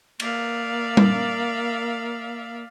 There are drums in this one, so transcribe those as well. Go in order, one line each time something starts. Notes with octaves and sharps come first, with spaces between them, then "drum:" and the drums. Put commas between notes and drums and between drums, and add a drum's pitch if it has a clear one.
A#3 D5 E5 F5, drum: cymbal
drum: tom G3